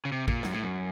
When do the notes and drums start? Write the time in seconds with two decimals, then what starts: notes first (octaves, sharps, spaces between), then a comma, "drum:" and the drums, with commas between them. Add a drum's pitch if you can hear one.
0.05 C#3
0.12 C3
0.28 A#2, drum: kick
0.43 F#2, drum: snare
0.53 A2
0.63 F#2